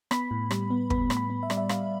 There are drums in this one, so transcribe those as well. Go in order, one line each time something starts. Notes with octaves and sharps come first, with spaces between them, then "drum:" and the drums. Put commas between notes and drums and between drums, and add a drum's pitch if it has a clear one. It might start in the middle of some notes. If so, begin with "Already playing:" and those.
B3 B5, drum: rim click
A2
G3, drum: rim click
B3
B3 B5, drum: kick
A2, drum: rim click
B5
B3
E5
G3 D5, drum: rim click
E5
G3 F5, drum: rim click